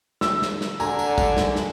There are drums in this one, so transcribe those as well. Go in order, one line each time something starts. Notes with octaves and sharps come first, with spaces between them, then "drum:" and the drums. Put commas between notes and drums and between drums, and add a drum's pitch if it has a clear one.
E6, drum: snare
drum: snare
drum: snare
D3 G#5 A#5, drum: tambourine
drum: tambourine
drum: kick, tambourine
drum: snare
drum: snare